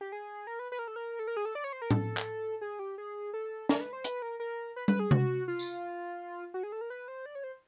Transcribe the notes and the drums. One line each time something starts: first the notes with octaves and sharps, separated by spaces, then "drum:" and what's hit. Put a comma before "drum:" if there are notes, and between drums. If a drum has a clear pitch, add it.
G4
G#4
A#4
B4
B4
A#4
A4
A#4
A4
A#4
G#4
A4
D5
C#5
C5
A#4
A4, drum: tom A2
drum: clap
G#4
G4
G#4
A4
A#4, drum: snare
B4
C5
B4, drum: hi-hat
A#4
A#4
B4
B4, drum: tom
G#4
F#4, drum: tom C3
F4
drum: tambourine
F#4
G#4
A4
A#4
B4
C5
D5
C#5
C5